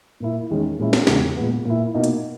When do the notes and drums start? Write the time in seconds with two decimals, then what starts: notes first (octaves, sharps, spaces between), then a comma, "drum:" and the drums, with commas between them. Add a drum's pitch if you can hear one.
0.20 A#2 A#3 E4
0.50 E2 D#3 G#3 C#4
0.79 A#2 G#3 C#4 E4
0.93 drum: snare
1.07 E2 C#3 G#3, drum: snare
1.37 A#2 G#3 B3
1.65 A#2 A#3 E4
1.94 B2 A#3 D#4
2.04 drum: hi-hat